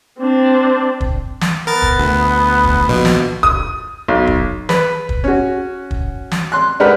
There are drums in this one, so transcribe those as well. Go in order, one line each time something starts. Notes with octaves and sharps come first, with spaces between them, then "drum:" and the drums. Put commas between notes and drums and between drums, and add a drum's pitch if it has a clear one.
C4 D4
drum: kick
drum: snare
B3 A#4 A6
drum: kick
D2
drum: kick
A#1 B2
drum: snare
D#6, drum: kick
B1
drum: kick
B4, drum: snare
drum: kick
C#4 F#4
drum: kick
drum: snare
C6 F#6
G#3 D4 G4 A#4 B4 F#5